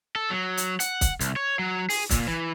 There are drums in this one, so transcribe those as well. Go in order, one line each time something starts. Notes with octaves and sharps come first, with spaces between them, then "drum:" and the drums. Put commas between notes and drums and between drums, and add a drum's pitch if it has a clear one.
A4
F#3
drum: hi-hat
F#5, drum: hi-hat
drum: kick, hi-hat
C2, drum: hi-hat
C#5
F#3
G#4, drum: open hi-hat
A#2, drum: kick, hi-hat
E3